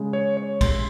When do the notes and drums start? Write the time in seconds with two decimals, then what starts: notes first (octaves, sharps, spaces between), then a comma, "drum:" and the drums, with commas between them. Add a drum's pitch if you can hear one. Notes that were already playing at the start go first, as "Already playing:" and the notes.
Already playing: C#3 G#3
0.13 C#5
0.37 C#5
0.61 C6, drum: kick, cymbal